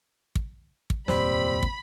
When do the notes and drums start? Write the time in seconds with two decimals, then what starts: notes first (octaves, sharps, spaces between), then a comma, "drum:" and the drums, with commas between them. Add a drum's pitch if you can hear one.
0.35 drum: kick
0.90 drum: kick
1.08 F1 D#2 A#2 G3 C4 B5, drum: snare
1.63 drum: kick